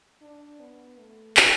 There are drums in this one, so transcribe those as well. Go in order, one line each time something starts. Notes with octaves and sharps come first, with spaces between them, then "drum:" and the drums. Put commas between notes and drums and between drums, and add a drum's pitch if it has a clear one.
D4
B3
A3
drum: clap